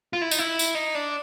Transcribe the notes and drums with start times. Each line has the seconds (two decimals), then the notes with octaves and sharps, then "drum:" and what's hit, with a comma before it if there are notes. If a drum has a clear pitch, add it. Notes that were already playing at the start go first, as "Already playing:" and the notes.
0.13 F4
0.22 E4
0.31 D#4, drum: tambourine
0.39 E4
0.59 drum: tambourine
0.75 D#4
0.95 D4